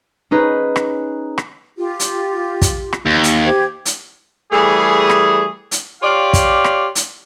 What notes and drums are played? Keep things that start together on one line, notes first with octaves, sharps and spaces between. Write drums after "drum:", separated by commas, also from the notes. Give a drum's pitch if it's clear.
C#4 D#4 G#4 B4
drum: rim click
drum: rim click
F4 G4
drum: hi-hat
drum: kick, hi-hat
drum: rim click
D#2
drum: hi-hat
G4 C5 G#6
drum: hi-hat
E3 G3 A3 G#4
drum: rim click
drum: hi-hat
F4 G4 C#5 D5 F5
drum: kick, hi-hat
drum: rim click
drum: hi-hat